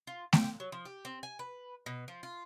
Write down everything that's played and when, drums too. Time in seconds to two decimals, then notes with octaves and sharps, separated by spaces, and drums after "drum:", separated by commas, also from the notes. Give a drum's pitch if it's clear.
0.07 F4
0.33 G5, drum: snare A3
0.60 F#3
0.72 F3
0.85 G4
1.05 C4
1.23 G#5
1.39 B4
1.86 B2
2.08 F3
2.23 F4